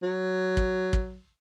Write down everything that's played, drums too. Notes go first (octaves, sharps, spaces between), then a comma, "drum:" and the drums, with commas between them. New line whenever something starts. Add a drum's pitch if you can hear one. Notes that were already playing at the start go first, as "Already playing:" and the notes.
F#3
drum: kick
drum: kick